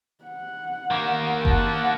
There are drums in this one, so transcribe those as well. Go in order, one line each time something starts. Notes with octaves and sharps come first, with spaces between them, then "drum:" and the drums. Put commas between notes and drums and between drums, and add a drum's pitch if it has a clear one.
F#5
D#3 A#3
F#5 A5, drum: kick F#1